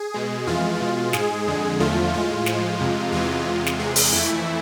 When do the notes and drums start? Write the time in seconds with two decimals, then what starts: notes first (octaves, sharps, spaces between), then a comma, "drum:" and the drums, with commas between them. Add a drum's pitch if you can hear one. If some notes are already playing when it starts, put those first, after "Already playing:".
Already playing: G#4
0.14 B2 G#3
0.47 F2 E3 G#3 F4
0.81 B2 G#3
1.13 G#2 G#3 G#4, drum: snare
1.47 F2 D3 G#3
1.80 E2 D3 F3 A3 F4
2.14 A2 G#3 F4
2.46 A2 F3 G#3, drum: snare
2.80 F2 C3 G#3
3.12 E2 C3 E3 G#3 F4
3.46 E2 C3 G#3
3.66 drum: snare
3.79 E2 C3 G#3 G#4
3.96 drum: open hi-hat
4.12 F2 E3 A3 E4